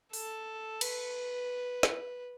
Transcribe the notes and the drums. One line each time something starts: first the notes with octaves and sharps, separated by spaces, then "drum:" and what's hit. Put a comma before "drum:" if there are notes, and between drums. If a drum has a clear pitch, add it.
A4, drum: open hi-hat
B4, drum: cymbal
drum: snare